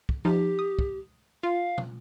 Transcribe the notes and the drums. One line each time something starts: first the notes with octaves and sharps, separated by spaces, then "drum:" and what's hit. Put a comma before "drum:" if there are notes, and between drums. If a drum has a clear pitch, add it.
drum: kick
F3 D#4 G4
D#6
drum: kick
F4 F5
drum: tom